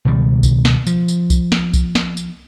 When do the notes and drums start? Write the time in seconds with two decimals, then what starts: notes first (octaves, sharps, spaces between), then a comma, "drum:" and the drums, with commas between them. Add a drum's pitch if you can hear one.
0.05 C#2 B2 D#3 G3
0.43 drum: kick B1, tambourine
0.65 drum: snare
0.87 F3, drum: tambourine
1.08 drum: tambourine
1.30 drum: kick B1, tambourine
1.52 drum: snare
1.74 drum: kick B1, tambourine
1.95 drum: snare
2.17 drum: tambourine